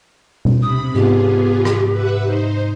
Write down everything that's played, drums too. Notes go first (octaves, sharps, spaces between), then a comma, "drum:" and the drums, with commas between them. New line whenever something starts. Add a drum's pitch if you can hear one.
drum: tom B2
C3 B5 D#6
G#2 C3 B3 F4 G4 G#4
drum: rim click
B4 E5 F#5
D#4 C5